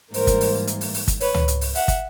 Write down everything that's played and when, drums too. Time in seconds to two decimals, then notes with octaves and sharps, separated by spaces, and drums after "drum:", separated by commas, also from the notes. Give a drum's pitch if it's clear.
0.14 G#2 E3 G3 A#3 A#4 C5, drum: open hi-hat
0.27 drum: kick, hi-hat
0.41 drum: open hi-hat
0.67 drum: hi-hat
0.81 drum: open hi-hat
0.94 drum: open hi-hat
1.08 drum: kick, hi-hat
1.20 B4 C#5, drum: open hi-hat
1.34 drum: tom C#2
1.48 drum: hi-hat
1.61 drum: open hi-hat
1.75 E5 F#5, drum: open hi-hat
1.88 drum: kick, hi-hat